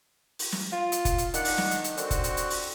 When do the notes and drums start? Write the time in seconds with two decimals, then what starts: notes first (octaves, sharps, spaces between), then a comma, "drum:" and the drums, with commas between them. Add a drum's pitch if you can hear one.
0.39 drum: open hi-hat
0.52 drum: snare
0.72 F4
0.92 drum: hi-hat
1.05 drum: kick F1, hi-hat
1.18 drum: hi-hat
1.34 D#3 D4 F#5, drum: hi-hat
1.45 drum: open hi-hat
1.58 drum: snare
1.71 drum: hi-hat
1.84 drum: hi-hat
1.97 D3 C4 F#4, drum: hi-hat
2.11 drum: kick F1, hi-hat
2.24 drum: hi-hat
2.37 drum: hi-hat
2.50 drum: open hi-hat